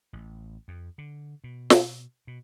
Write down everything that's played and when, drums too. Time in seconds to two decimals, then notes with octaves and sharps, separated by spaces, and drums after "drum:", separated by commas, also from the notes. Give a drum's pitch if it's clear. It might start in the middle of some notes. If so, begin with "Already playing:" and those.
0.13 A1
0.68 F2
0.98 D3
1.44 B2
1.70 drum: snare
2.27 B2